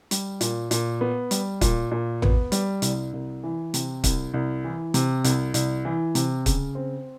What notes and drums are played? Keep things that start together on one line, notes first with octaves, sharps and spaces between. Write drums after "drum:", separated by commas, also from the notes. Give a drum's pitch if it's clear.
G3, drum: hi-hat
A#2, drum: hi-hat
A#2, drum: hi-hat
B3
G3, drum: hi-hat
A#2, drum: kick, hi-hat
A#2
B3, drum: tom A1
G3, drum: hi-hat
C2, drum: hi-hat
C2
E3
C3, drum: hi-hat
C2, drum: kick, hi-hat
C2
E3
C3, drum: hi-hat
C2, drum: hi-hat
C2, drum: hi-hat
E3
C3, drum: hi-hat
C#3, drum: kick, hi-hat
C4